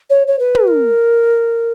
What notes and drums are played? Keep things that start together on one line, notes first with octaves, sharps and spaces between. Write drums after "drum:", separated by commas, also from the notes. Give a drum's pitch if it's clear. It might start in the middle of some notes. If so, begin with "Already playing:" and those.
C#5
C#5
B4
drum: tom
A#4